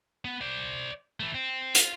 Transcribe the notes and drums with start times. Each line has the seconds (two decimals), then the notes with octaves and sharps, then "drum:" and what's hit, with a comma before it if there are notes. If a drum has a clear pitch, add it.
0.25 B3
0.41 C5 D5
1.20 E3 A3
1.34 C4
1.75 F4, drum: hi-hat